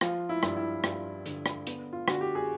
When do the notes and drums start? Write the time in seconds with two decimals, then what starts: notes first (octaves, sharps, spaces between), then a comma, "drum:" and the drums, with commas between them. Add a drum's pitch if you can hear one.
0.01 F3 F4, drum: rim click
0.29 E4
0.43 G2, drum: rim click
0.56 E4
0.84 G2 F4, drum: rim click
1.26 D3, drum: hi-hat
1.46 drum: rim click
1.67 B3, drum: hi-hat
1.93 F4
2.08 D3 F#4, drum: rim click
2.21 G4
2.35 G#4